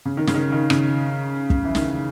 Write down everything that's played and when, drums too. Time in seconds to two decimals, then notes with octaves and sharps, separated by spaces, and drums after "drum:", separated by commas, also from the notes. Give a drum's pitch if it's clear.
0.05 C#3
0.17 D#3
0.27 C#3, drum: snare
0.34 D#3
0.52 D#3
0.70 C#3, drum: rim click
1.50 drum: kick
1.65 E3
1.75 D#3, drum: snare